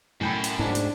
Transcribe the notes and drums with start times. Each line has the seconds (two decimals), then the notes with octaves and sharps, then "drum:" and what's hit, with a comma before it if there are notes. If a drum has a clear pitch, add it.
0.21 F#2 A2 G5 B5
0.44 drum: hi-hat
0.59 G#2 D4
0.75 drum: hi-hat